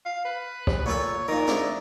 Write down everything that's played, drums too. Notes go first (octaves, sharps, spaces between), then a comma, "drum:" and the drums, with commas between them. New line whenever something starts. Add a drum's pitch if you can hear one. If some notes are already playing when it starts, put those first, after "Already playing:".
F5
B4
drum: kick
A#2 F4 A4 C#5
A#2 D#3 A#4
G#3 D4 E4, drum: snare